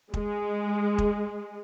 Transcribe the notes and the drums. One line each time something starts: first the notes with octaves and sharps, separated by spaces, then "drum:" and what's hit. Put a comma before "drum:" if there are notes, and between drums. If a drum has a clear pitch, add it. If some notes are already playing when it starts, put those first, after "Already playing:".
G#3, drum: kick
drum: kick